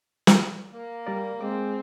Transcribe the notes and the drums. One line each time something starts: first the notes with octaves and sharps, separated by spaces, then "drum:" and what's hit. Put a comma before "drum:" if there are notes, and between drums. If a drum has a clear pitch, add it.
drum: snare
A#3
G3 A#4 D5
G#3 C4 D6